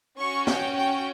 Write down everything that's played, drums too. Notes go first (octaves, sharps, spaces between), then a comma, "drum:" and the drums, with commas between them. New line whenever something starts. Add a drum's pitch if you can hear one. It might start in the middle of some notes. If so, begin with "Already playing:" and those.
C#4 F#4 C#6
G5, drum: snare
G5